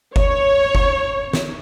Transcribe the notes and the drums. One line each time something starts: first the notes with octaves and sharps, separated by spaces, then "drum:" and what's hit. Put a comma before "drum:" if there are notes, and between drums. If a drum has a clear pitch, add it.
C#5, drum: kick F#1
drum: kick F#1
drum: snare